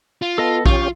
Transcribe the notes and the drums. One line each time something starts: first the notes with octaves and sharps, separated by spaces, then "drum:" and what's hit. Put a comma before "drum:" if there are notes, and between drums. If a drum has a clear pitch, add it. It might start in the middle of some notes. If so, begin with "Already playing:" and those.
F4
B3 A4 D#5 A5
C#4 F4 G4 C#6, drum: kick A#1